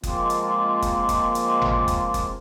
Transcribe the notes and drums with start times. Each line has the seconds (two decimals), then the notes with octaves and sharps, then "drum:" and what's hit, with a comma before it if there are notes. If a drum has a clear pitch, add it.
0.03 F3 G#3 A#3 C4 F4, drum: kick F#1, hi-hat
0.30 drum: hi-hat
0.82 drum: kick F#1, hi-hat
1.09 drum: kick F#1, hi-hat
1.35 drum: hi-hat
1.61 drum: tom G#1
1.88 drum: kick F#1, hi-hat
2.14 drum: kick F#1, hi-hat